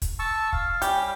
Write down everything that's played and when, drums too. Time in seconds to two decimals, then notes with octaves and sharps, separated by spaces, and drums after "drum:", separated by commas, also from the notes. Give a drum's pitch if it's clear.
0.02 drum: kick, hi-hat
0.19 A5 C#6 E6
0.53 F5, drum: kick
0.82 G3 C#4 G4, drum: hi-hat